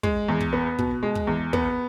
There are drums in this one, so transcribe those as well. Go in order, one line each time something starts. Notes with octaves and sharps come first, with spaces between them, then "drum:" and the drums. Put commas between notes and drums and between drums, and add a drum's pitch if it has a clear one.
G#3, drum: kick
E2
drum: kick
B3
B2, drum: kick
G#3
drum: kick
E2
B3, drum: kick